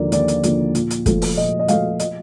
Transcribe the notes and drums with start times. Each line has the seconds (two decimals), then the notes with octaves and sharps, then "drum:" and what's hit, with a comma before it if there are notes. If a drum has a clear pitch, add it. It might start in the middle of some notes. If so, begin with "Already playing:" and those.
Already playing: D#2 D3 F3 A#3 D5
0.12 D#2 D5, drum: hi-hat
0.28 drum: hi-hat
0.43 D3 F3 A#3, drum: hi-hat
0.75 A#2, drum: hi-hat
0.90 drum: hi-hat
1.06 F3 A3, drum: kick, hi-hat
1.22 drum: open hi-hat
1.37 A#2 D#5
1.59 D#5
1.68 F3 A3 F5, drum: hi-hat
1.99 D#5, drum: hi-hat